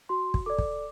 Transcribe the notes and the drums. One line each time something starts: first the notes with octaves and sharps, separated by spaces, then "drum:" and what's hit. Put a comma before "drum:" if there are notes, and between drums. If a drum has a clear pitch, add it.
F#4 C6
drum: kick
A4 D5 D6
drum: kick